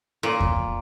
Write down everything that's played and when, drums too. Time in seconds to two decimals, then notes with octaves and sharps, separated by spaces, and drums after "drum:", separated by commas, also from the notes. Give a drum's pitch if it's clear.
0.23 A#2
0.40 drum: kick E2